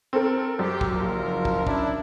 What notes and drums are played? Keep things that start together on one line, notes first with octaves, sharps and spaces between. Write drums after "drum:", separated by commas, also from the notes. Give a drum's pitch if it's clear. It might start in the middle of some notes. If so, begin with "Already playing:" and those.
C4 A4 A#4
F#2 G4
drum: kick
F#1 F3 A#4
drum: kick
C#4 D4 E4, drum: kick